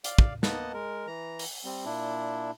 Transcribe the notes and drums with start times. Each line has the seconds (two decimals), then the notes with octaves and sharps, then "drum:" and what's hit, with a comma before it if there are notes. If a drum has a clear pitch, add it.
0.04 D5 F5, drum: hi-hat
0.18 drum: kick
0.43 A#3 B3 D#5 F#5 A5, drum: snare
0.74 G#3 A#4
1.07 E3 A#5
1.39 drum: open hi-hat
1.65 G3 C4
1.85 A#2 D4 E4